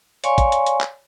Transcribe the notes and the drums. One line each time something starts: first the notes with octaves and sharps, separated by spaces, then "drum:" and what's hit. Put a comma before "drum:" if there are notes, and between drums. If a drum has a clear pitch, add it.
C#5 D5 F5 G#5 C6 C#6, drum: hi-hat
drum: kick, hi-hat
drum: hi-hat
drum: hi-hat
drum: clap